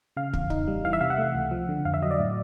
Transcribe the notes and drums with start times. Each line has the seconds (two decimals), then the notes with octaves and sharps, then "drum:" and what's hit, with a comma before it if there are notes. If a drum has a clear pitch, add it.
0.16 C#3 F5
0.34 E2, drum: kick
0.50 D#4, drum: kick
0.68 G3
0.84 E3 F5
0.93 E5
1.01 C3 F5
1.10 F#5
1.18 A3
1.35 C#2
1.51 F3
1.69 D3
1.85 F2 F5
1.94 E5
2.02 F#3 D#5
2.11 D5
2.19 A2